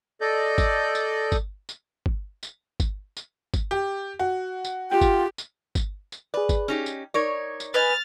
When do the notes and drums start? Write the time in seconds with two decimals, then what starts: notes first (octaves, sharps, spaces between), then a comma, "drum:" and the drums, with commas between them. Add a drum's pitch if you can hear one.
0.21 A4 D5 D#5 G6
0.58 drum: kick G1, tambourine
0.95 drum: tambourine
1.32 drum: kick G1, tambourine
1.69 drum: tambourine
2.06 drum: kick G1
2.43 drum: tambourine
2.80 drum: kick G1, tambourine
3.17 drum: tambourine
3.54 drum: kick G1, tambourine
3.71 G4
4.19 F#4
4.64 drum: tambourine
4.91 F4 G4 G5
5.01 drum: kick G1, tambourine
5.38 drum: tambourine
5.75 drum: kick G1, tambourine
6.12 drum: tambourine
6.34 G#4 B4 D5
6.49 drum: kick G1, tambourine
6.68 C#4 D#4 G4
6.86 drum: tambourine
7.14 D#4 A#4 C#5 D5 G#6
7.60 drum: tambourine
7.74 B4 D#5 G#5 F6 A6